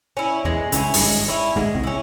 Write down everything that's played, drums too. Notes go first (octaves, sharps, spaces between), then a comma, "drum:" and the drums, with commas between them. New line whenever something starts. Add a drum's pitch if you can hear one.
C#4 E4
E2 E3 G#3
C#2 C#3 C#4 E4, drum: hi-hat
G2, drum: open hi-hat
G#1 G#2 G#3
C#4 E4
G#1 G#2 G#3
C2 C3
C#4 E4